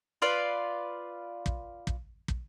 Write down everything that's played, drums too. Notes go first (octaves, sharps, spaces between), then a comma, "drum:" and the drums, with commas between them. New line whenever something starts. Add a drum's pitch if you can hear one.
F4 B4 D5 F5
drum: kick
drum: kick
drum: kick